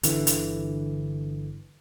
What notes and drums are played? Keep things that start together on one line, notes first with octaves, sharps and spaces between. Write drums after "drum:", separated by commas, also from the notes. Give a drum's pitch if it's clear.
G1 D3 E3, drum: hi-hat
drum: hi-hat